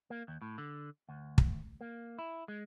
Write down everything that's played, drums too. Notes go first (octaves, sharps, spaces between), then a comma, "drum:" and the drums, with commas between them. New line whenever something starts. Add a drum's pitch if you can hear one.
A#3
D#2
A2
D3
D2
drum: kick
A#3
E4
G#3